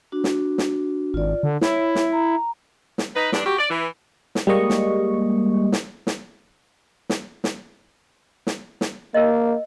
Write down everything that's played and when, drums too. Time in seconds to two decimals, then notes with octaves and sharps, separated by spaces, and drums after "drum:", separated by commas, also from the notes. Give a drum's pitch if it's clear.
0.12 D4 F#4
0.24 drum: snare
0.58 drum: snare
1.14 G#1 F4 D5
1.43 D3
1.61 E4 C#5, drum: snare
1.95 drum: snare
2.13 A#5
2.98 drum: snare
3.16 D#4 B4
3.32 G2 D4, drum: snare
3.46 F#4 G4
3.59 D5
3.70 E3
4.35 drum: snare
4.47 G3 G#3 A#3 D#5 C#6
4.70 drum: snare
5.72 drum: snare
6.07 drum: snare
7.09 drum: snare
7.44 drum: snare
8.47 drum: snare
8.81 drum: snare
9.14 A#3 A#4 D#5